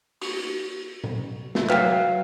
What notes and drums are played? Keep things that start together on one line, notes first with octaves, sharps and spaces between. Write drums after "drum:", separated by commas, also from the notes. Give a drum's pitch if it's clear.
C#6, drum: open hi-hat
drum: tom A#2
drum: snare
F#3 B4 E5 F5 G5, drum: clap